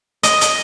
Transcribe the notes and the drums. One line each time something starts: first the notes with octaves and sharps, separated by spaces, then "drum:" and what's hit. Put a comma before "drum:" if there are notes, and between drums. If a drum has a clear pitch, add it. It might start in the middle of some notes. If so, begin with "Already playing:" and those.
D#5, drum: hi-hat
drum: hi-hat